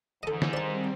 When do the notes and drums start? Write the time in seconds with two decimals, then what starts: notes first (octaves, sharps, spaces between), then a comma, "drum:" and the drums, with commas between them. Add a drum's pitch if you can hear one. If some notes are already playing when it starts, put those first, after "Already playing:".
0.23 G#2 D3 E3 A4 D#5
0.42 drum: snare
0.53 D#3 G3 C4 C5 D5 A5